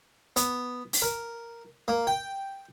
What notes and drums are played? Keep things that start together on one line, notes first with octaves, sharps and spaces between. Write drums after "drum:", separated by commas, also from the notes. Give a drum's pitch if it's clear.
B3, drum: hi-hat
drum: open hi-hat
A#4
A#3
G5